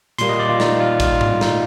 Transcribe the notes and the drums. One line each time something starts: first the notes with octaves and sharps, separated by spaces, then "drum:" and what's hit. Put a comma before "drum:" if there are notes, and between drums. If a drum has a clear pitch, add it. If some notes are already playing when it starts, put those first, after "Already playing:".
A#2 G3 A#3 C6, drum: hi-hat
D#5
D5
F4
D#4, drum: snare
F4
F4, drum: kick, hi-hat
drum: tom G#2
D#4, drum: snare